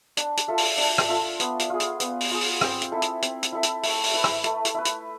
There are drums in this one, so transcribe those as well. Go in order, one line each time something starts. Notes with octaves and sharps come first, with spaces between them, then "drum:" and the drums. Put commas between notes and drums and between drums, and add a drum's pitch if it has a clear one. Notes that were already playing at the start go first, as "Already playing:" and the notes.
D4, drum: hi-hat
drum: hi-hat
F4 A4 E5
drum: open hi-hat
D4, drum: open hi-hat
drum: rim click
F4 A4 E5
B3, drum: hi-hat
drum: hi-hat
F4 G#4
drum: hi-hat
B3, drum: hi-hat
drum: open hi-hat
F4 G#4
drum: open hi-hat
C4, drum: rim click
drum: hi-hat
E4 A4 E5
drum: hi-hat
C4, drum: hi-hat
drum: hi-hat
E4 A4 E5
drum: hi-hat
A3, drum: open hi-hat
drum: open hi-hat
E4 B4
drum: rim click
A3, drum: hi-hat
drum: hi-hat
E4 B4
drum: hi-hat